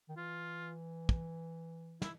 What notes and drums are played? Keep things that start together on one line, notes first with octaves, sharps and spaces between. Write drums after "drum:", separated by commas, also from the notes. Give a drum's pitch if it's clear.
D#3
E3 F4
drum: kick
E4, drum: snare